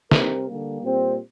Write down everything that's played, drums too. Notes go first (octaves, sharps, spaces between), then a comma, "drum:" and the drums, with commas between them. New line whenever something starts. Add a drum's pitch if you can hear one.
C3 G3 C4 A#4, drum: snare
D3 G3 A#3
A#2 G3 C4